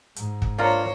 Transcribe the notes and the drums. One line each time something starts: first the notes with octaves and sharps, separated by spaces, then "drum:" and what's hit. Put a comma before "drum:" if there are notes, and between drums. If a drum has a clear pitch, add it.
G#2, drum: hi-hat
drum: kick
A#3 D4 F4 C5 C#5